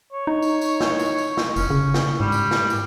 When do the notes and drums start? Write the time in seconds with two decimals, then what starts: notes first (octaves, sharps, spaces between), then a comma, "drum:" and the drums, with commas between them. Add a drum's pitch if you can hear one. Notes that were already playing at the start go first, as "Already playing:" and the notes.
0.13 C#5
0.27 D#4
0.43 drum: tambourine
0.61 drum: tambourine
0.80 drum: snare
0.99 drum: tambourine
1.18 drum: tambourine
1.37 drum: snare
1.56 F1 C#4, drum: tambourine
1.70 C#3
1.94 drum: snare
2.20 G#2 G3
2.32 drum: tambourine
2.51 drum: snare
2.70 drum: tambourine